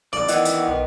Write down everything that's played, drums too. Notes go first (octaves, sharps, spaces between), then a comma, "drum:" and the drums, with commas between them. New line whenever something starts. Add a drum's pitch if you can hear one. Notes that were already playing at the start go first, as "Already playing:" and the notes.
B1 D5
D#3 E3 B3 D#5 F#5, drum: hi-hat
drum: hi-hat
B1 B4 D6